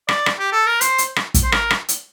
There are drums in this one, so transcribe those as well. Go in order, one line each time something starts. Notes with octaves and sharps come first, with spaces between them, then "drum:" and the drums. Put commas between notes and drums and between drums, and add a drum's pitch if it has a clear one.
D5, drum: rim click
drum: rim click
G4
A4
A#4
C5, drum: hi-hat
drum: hi-hat
drum: rim click
drum: kick, hi-hat
C5
A#4, drum: rim click
drum: rim click
drum: hi-hat